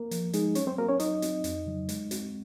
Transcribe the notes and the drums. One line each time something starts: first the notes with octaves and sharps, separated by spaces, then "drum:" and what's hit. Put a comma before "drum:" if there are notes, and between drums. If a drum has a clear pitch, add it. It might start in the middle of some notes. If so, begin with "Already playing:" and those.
Already playing: A#3 A#4
F3, drum: hi-hat
G#3 D#4 G#4, drum: hi-hat
F#3 C#4 C#5, drum: hi-hat
C4 C5
A#3 C4 F#4 A#4
C#4 C#5
F#3 D#4 D#5, drum: hi-hat
C4 F#4, drum: hi-hat
F2, drum: hi-hat
C#3 F#3
G#3, drum: hi-hat
C4 F#4, drum: hi-hat